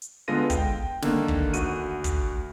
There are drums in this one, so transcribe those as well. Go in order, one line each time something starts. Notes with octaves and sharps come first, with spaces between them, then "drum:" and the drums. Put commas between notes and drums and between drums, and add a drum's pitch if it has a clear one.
drum: hi-hat
D3 G#3 B3 F4 A#6 D#7
G5, drum: kick, hi-hat
D3 D#3 A#3, drum: snare
drum: kick
D2 F#4 D#7, drum: hi-hat
drum: kick, hi-hat